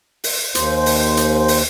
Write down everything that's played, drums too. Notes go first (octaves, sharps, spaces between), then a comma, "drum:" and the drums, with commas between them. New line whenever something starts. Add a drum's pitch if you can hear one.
drum: open hi-hat
D#2 C5, drum: hi-hat
drum: open hi-hat
drum: hi-hat
drum: open hi-hat